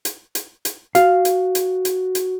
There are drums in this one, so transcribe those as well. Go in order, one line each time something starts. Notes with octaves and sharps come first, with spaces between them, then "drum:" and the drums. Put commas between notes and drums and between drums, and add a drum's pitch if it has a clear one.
drum: hi-hat
drum: hi-hat
drum: hi-hat
F#4 F5, drum: hi-hat
drum: hi-hat
drum: hi-hat
drum: hi-hat
drum: hi-hat